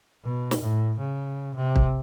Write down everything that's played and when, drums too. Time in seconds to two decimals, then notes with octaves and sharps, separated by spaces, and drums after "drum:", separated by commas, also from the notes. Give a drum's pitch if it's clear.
0.24 B2
0.51 drum: snare
0.61 A2
0.98 C#3
1.55 C3
1.76 drum: kick